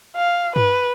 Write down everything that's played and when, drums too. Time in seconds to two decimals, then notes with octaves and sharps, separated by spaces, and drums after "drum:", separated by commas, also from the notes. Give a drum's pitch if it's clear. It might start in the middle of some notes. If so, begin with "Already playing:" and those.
0.16 F5
0.56 B4, drum: tom G2